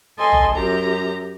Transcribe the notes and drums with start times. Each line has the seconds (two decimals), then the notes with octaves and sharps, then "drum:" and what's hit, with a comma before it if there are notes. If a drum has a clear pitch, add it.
0.18 A4 D#5 G#5 C6
0.32 drum: tom A#1
0.55 F#2 G4 A#5